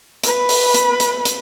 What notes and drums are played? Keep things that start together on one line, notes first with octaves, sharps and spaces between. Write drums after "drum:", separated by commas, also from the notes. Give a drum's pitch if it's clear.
B4 B5, drum: hi-hat
drum: open hi-hat
drum: hi-hat
drum: hi-hat
drum: hi-hat